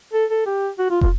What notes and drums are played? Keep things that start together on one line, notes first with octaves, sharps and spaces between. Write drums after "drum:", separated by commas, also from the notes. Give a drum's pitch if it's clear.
A4
A4
G4
F#4
F4
F4, drum: kick